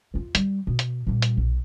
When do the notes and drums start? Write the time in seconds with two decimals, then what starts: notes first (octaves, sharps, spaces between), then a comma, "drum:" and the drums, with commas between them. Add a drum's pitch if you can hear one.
0.14 E2 F4
0.35 G3, drum: hi-hat
0.67 B2
0.79 drum: hi-hat
1.07 A#2 G3
1.22 drum: hi-hat
1.37 B1